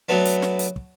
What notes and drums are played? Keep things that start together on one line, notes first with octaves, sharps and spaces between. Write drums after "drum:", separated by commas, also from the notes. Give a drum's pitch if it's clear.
F#3 A3 B3 D4
drum: hi-hat
drum: snare
drum: hi-hat
drum: kick